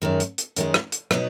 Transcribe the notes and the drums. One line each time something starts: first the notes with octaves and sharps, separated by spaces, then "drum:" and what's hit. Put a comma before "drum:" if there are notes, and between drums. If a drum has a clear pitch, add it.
F#2 D#3 G#3
drum: hi-hat
drum: hi-hat
F#2 D#3 G#3, drum: hi-hat
drum: rim click
drum: hi-hat
B2 F#3 B3 D#4, drum: rim click